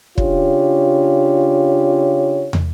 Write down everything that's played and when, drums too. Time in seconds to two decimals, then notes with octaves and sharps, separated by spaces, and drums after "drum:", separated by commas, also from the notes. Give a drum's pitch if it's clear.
0.18 C#3 D4 F4 G4 C#5, drum: kick
2.53 drum: tom